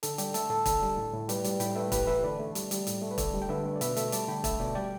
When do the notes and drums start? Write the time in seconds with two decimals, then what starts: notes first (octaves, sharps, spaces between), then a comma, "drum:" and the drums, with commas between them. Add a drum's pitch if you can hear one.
0.03 D3 A4, drum: hi-hat
0.18 G3 G4, drum: hi-hat
0.34 A3 A4, drum: hi-hat
0.50 A2 A4
0.66 D3 A4, drum: kick, hi-hat
0.82 G3
0.97 A2
1.13 A2
1.29 G3 G4 B4, drum: hi-hat
1.44 G3, drum: hi-hat
1.60 A2 G5 B5, drum: hi-hat
1.76 A3 B4 E5
1.92 A2 G4 B4, drum: kick, hi-hat
2.07 E3 B4 E5
2.23 D3 A4 D5
2.39 A3
2.55 G3, drum: hi-hat
2.71 G3, drum: hi-hat
2.87 A2, drum: hi-hat
3.02 A3
3.11 B4
3.18 D3 A4 D5, drum: kick, hi-hat
3.34 G3
3.42 G5
3.49 D3 B4 E5
3.65 A3
3.76 D5
3.81 B2 B4 E5, drum: hi-hat
3.97 A3 E5 A5, drum: hi-hat
4.12 G3 A5 D6, drum: hi-hat
4.28 D3 G5 B5
4.44 A3 E5 A5, drum: kick, hi-hat
4.59 B2 D5 G5
4.75 G3 D5 G5